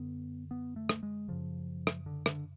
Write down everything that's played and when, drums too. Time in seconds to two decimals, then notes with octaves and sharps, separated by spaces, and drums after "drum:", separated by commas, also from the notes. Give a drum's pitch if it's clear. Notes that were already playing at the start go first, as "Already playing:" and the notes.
Already playing: F#2 D3 B3
0.51 B3
0.76 A3
0.89 drum: rim click
1.03 G#3
1.28 F#2 C#3 F3
1.87 drum: rim click
2.06 D3
2.26 D3, drum: rim click